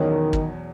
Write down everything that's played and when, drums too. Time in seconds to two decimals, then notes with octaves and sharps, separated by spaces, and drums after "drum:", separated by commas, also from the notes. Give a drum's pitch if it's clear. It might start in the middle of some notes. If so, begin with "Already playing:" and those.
Already playing: E2 B2 D#3 F#3 C#4
0.33 drum: kick